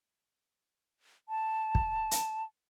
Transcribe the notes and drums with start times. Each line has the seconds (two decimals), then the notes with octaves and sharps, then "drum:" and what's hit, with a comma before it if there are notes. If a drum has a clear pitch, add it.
1.29 A5
1.75 drum: kick
2.11 drum: hi-hat